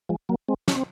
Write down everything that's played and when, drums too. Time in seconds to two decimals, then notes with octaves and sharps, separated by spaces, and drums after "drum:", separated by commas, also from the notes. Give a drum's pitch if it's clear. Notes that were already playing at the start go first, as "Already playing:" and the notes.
0.09 F3 G#3
0.29 F#3 A#3
0.49 G#3 C4
0.68 C#4, drum: snare
0.75 C4